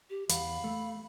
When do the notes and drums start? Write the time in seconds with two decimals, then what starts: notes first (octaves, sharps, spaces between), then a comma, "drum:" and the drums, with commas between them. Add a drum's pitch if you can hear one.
0.10 G4
0.29 E2 F5 B5, drum: hi-hat
0.64 A3